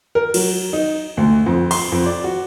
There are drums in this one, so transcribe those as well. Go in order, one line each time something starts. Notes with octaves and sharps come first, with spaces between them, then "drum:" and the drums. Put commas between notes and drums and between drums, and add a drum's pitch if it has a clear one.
A#4
F#3, drum: cymbal
D#4
D2
F2
C6, drum: cymbal
F2
D5
F#4